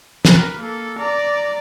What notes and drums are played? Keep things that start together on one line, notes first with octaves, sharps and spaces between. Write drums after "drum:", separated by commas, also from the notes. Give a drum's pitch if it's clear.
A#4 B4, drum: snare
A#3 A4
D5 A#5